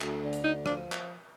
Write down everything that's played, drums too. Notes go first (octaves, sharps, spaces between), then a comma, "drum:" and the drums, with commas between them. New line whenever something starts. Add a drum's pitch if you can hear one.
D2, drum: clap
D3
drum: hi-hat
D2 D#4
F3 D4, drum: rim click
drum: clap